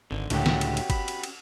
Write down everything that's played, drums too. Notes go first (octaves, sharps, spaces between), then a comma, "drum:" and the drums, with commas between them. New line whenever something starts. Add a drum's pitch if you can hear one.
G#1 D3
C#2 A2 D3 C#4 F#4 G4, drum: cymbal
drum: snare
drum: cymbal
drum: cymbal
B5, drum: kick G1, cymbal
drum: cymbal
drum: cymbal